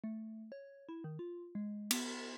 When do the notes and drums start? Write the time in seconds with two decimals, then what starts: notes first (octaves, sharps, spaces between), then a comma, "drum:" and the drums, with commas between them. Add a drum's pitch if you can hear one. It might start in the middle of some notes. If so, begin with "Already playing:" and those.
0.04 A3
0.52 C#5
0.89 E4
1.04 D#3
1.19 F4
1.55 G#3
1.91 B3, drum: cymbal